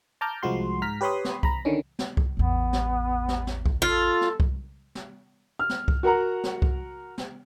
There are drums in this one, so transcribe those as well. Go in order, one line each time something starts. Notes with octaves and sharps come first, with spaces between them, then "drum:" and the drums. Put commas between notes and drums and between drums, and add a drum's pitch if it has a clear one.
A5 A#5 D6 F6 G6
C2 F3 G#3 F#4 C6
G#2 A#5 F6 B6
G4 B4 C#5 B5 C6 D#6
drum: snare
A#5 B5, drum: kick C2
D3 D#3 C#4
drum: snare
drum: kick C2
A1 E2 B3
drum: snare
drum: snare
drum: snare
drum: kick C2
F4 A4
drum: snare
drum: kick C2
drum: snare
F6
drum: snare
drum: kick C2
F#4 A#4 F#5 A#5
drum: snare
drum: kick C2
drum: snare